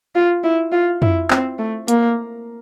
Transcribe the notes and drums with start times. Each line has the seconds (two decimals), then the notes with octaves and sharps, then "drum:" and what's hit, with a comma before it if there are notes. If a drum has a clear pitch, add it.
0.15 F4
0.44 E4
0.72 F4
1.02 E4, drum: tom
1.30 C4, drum: clap
1.59 A3
1.88 A#3, drum: hi-hat